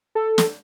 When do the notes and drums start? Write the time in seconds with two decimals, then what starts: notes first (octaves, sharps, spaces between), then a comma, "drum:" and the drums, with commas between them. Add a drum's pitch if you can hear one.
0.15 A4
0.38 drum: snare